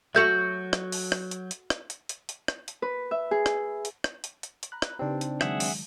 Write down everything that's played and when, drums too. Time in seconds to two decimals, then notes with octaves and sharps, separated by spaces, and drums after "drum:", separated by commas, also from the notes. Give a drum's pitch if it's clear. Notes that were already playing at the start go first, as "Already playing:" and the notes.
0.15 F#3 F#4 A4 E5 G6
0.73 drum: rim click
0.92 drum: open hi-hat
1.12 drum: rim click
1.31 drum: hi-hat
1.51 drum: hi-hat
1.70 drum: rim click
1.90 drum: hi-hat
2.09 drum: hi-hat
2.29 drum: hi-hat
2.48 drum: rim click
2.68 drum: hi-hat
2.82 B4
3.11 E5
3.31 G#4
3.46 drum: rim click
3.85 drum: hi-hat
4.04 drum: rim click
4.24 drum: hi-hat
4.43 drum: hi-hat
4.63 drum: hi-hat
4.72 A#5 B5 F#6
4.82 drum: rim click
4.99 C#3 C4 D4 D#4 G4 B4 C5 D5
5.21 drum: hi-hat
5.41 D#3 F#3 G#3 G#4 E5 F#5, drum: rim click
5.60 drum: open hi-hat